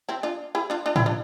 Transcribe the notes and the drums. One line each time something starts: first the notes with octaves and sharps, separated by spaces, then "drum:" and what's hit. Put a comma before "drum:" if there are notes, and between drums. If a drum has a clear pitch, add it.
C4 E4
D4 F4
E4 G#4
D4 F4
D4 F4
C4 E4, drum: tom A2
D4 F4